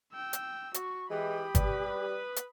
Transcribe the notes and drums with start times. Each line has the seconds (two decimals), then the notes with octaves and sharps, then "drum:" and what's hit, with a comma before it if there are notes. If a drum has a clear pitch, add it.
0.13 G5 E6
0.33 drum: hi-hat
0.74 F#4 C#6, drum: hi-hat
1.10 E3 G#3 G4 B5 D#6
1.55 G3 B4, drum: kick G1, hi-hat
2.36 drum: hi-hat